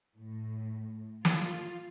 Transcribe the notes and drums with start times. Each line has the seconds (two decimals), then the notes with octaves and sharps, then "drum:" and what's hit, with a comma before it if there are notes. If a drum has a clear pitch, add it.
0.16 A2
1.25 F4, drum: snare